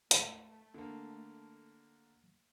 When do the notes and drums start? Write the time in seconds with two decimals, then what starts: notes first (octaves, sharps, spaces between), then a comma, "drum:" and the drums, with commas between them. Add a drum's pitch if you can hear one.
0.11 D2 G#2 A3, drum: hi-hat
0.74 D3 A#3